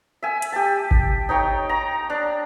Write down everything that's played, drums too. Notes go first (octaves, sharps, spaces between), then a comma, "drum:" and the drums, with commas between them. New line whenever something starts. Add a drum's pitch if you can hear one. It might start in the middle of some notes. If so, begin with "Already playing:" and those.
E5 G#5
drum: hi-hat
G4 A5
drum: kick G#1
D#4 C#5 G5
A#5
D4